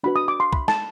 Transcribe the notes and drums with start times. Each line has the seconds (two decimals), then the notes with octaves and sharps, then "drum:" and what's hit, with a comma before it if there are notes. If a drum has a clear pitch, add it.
0.04 D4 F#4 B4 B5
0.16 D#6
0.28 D6
0.40 C6
0.53 B5, drum: kick
0.68 A5, drum: snare